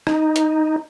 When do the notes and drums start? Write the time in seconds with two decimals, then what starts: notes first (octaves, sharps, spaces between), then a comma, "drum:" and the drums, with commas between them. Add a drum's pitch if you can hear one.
0.07 D#4, drum: rim click
0.36 drum: hi-hat